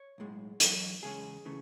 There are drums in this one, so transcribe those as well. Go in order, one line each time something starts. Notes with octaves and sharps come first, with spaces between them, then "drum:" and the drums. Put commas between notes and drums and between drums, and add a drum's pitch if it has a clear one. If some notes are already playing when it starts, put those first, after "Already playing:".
Already playing: C#5
B1 A2 G#3
E2 C#3 F#3 D#5, drum: hi-hat
E2 C#3 G#3 C#4 G#4
C#3 E3 A3 C#4